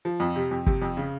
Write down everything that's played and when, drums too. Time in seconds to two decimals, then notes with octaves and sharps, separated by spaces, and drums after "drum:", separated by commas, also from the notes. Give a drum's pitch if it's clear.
0.05 F3
0.20 F2
0.36 C3
0.51 F2
0.66 C3, drum: kick
0.82 F2
0.97 C#3